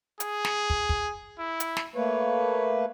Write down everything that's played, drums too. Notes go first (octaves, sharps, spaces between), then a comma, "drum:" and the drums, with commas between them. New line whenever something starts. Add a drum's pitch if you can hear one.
G#4, drum: hi-hat
drum: snare
drum: kick
drum: kick
E4
drum: hi-hat
drum: snare
A3 A#3 B4 C#5